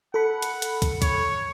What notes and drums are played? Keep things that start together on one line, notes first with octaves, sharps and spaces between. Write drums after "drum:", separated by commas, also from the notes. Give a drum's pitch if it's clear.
A4 F#5 B5
drum: hi-hat
drum: hi-hat
drum: kick, hi-hat
C#5, drum: kick, hi-hat